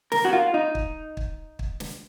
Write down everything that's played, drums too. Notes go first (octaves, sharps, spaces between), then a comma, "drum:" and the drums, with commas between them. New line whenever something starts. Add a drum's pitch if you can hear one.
A#4, drum: snare
F#4
F4
D#4
drum: kick
drum: kick
drum: kick
drum: snare